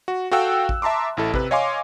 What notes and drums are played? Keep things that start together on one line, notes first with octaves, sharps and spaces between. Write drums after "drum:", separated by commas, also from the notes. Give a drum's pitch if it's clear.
F#4
F#4 A4 F5 G5 E6 F#6
drum: kick A1
E5 A5 A#5 C6 D6
A1 E4 A4
C3 B4, drum: kick A1
C#5 D#5 F5 G#5 C6 D6